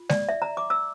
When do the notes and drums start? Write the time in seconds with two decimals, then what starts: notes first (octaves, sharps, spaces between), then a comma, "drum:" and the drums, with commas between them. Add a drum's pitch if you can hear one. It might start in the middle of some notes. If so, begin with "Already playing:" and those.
Already playing: F4
0.09 D5, drum: snare G#3
0.29 E5
0.42 A#5
0.57 D6
0.70 E6